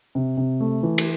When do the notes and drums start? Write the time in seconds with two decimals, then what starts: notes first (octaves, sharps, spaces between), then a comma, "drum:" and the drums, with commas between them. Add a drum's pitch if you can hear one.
0.15 C3
0.37 C3
0.60 A3
0.83 E3
0.98 drum: cymbal